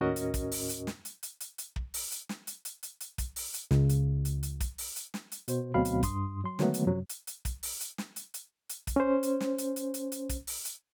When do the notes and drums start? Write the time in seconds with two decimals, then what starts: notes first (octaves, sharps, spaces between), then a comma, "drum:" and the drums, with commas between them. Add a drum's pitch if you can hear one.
0.01 D#2 A2 C#4 F#4 A#4 D#5
0.16 drum: hi-hat
0.34 drum: kick, hi-hat
0.52 drum: open hi-hat
0.69 drum: hi-hat
0.87 drum: snare
1.05 drum: hi-hat
1.23 drum: hi-hat
1.40 drum: hi-hat
1.58 drum: hi-hat
1.76 drum: kick
1.94 drum: open hi-hat
2.12 drum: hi-hat
2.29 drum: snare
2.47 drum: hi-hat
2.65 drum: hi-hat
2.83 drum: hi-hat
3.00 drum: hi-hat
3.18 drum: kick, hi-hat
3.36 drum: open hi-hat
3.54 drum: hi-hat
3.71 C#2, drum: snare
3.89 drum: hi-hat
4.25 drum: hi-hat
4.43 drum: hi-hat
4.60 drum: kick, hi-hat
4.78 drum: open hi-hat
4.96 drum: hi-hat
5.14 drum: snare
5.32 drum: hi-hat
5.48 B2 C5, drum: hi-hat
5.74 D2 B2 F#3 C4 F5 B5
5.85 drum: hi-hat
6.03 G2 C6 D#6, drum: kick, hi-hat
6.44 F#3 C6
6.59 D3 D#3 F#3 G#3 A3 B3, drum: snare
6.74 drum: hi-hat
6.87 F#2 C3 F3 F#3
7.09 drum: hi-hat
7.27 drum: hi-hat
7.45 drum: kick, hi-hat
7.63 drum: open hi-hat
7.80 drum: hi-hat
7.98 drum: snare
8.16 drum: hi-hat
8.34 drum: hi-hat
8.69 drum: hi-hat
8.87 drum: kick, hi-hat
8.96 C#4 C5
9.23 drum: hi-hat
9.41 drum: snare
9.58 drum: hi-hat
9.76 drum: hi-hat
9.94 drum: hi-hat
10.12 drum: hi-hat
10.29 drum: kick, hi-hat
10.47 drum: open hi-hat
10.65 drum: hi-hat